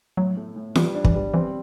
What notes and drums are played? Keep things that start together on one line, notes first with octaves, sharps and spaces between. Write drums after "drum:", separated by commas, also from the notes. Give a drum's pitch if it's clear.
A2 F#3
A3
A2
E3 G3, drum: snare
D4
E3, drum: kick
G3
E3 C4